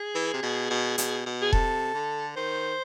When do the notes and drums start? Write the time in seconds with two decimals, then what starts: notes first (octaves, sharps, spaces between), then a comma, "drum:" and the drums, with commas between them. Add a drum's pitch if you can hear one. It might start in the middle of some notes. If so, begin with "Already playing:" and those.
Already playing: G#4
0.15 E3
0.33 C3
0.42 B2
0.70 B2
0.98 B2, drum: hi-hat
1.26 B2
1.42 G#4
1.53 C3 A4, drum: kick E1
1.94 D3
2.36 D#3 C5